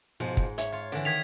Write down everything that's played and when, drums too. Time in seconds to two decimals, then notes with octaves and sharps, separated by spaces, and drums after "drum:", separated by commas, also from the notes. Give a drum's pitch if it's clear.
0.20 G#2 B2 F3
0.37 drum: kick
0.58 C#5 E5, drum: hi-hat
0.72 F4 C#5
0.92 D3 E3 D5
1.05 D#3 G#6 B6 F7